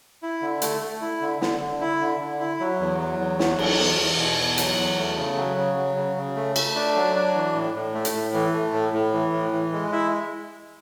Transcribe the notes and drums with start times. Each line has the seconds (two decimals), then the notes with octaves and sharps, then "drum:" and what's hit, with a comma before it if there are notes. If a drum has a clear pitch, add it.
0.23 E4
0.42 D3
0.62 A3, drum: hi-hat
0.81 A3
1.01 E4
1.21 D3
1.42 D3, drum: snare
1.60 D3
1.81 E4
2.00 D3
2.20 D3
2.40 E4
2.60 F#3
2.80 E2
2.99 F#3
3.18 E2
3.39 F#3, drum: snare
3.59 E2, drum: cymbal
3.79 E2
3.98 E2
4.18 B2
4.38 E2
4.58 F#3, drum: hi-hat
4.77 E2
4.97 A3
5.17 C#3
5.37 F#3
5.57 C#3
5.77 F#3
5.96 C#3
6.16 C#3
6.36 A3
6.56 A3, drum: cymbal
6.75 D4
6.95 F#3
7.15 D4
7.34 E3
7.55 A2
7.74 A2
7.94 A3
8.05 drum: hi-hat
8.14 A2
8.33 E3
8.53 A3
8.73 A2
8.93 A2
9.13 E3
9.32 A2
9.52 E3
9.72 G#3
9.92 E4